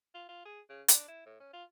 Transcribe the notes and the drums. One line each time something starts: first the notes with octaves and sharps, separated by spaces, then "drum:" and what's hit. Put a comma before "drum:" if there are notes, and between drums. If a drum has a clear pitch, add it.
F4
F4
G#4
C#3
D4, drum: hi-hat
E4
A2
C#4
F4